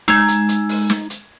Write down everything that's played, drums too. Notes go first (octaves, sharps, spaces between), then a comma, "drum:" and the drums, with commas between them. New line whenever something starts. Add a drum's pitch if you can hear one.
G#3 D#4 E6 G#6, drum: snare
drum: hi-hat
drum: hi-hat
drum: open hi-hat
drum: snare
drum: hi-hat